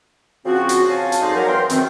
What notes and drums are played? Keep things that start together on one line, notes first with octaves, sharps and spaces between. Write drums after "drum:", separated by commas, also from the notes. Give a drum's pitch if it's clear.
C#3 F3 C4 F#4
drum: hi-hat
F4 C#5 F5 G#5 A5
drum: hi-hat
F2 G#3 D#4 C5 D5 C6
F#3 A#4
E3 C4 G5 C6
F#2 D#3 C4, drum: hi-hat